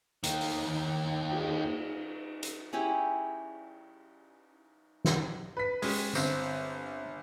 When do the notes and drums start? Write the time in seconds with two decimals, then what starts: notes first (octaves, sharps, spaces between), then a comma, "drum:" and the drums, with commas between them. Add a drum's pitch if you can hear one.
0.24 D#2 D#3, drum: hi-hat
0.41 drum: open hi-hat
1.31 drum: cymbal
2.43 drum: hi-hat
2.73 C#4 E4 G4 G#4
5.05 drum: snare
5.57 B4 B6
5.82 G#3 C#4 G4, drum: open hi-hat
6.15 G1 C4, drum: tambourine